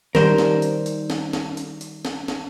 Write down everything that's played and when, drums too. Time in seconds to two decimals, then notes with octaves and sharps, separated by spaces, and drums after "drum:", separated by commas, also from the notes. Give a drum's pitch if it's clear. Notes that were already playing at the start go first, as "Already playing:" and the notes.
0.15 D#3 G3 A#4 C5, drum: snare
0.38 drum: snare
0.62 drum: hi-hat
0.86 drum: hi-hat
1.10 drum: snare
1.33 drum: snare
1.57 drum: hi-hat
1.81 drum: hi-hat
2.05 drum: snare
2.28 drum: snare